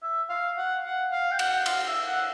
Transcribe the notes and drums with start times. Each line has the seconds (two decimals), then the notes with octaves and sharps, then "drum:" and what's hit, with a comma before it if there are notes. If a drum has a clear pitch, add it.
0.03 E5
0.29 F5
0.57 F#5
0.85 F#5
1.11 F5
1.32 G5
1.39 F#5, drum: cymbal
1.66 F5, drum: cymbal
1.86 E5
2.07 F#5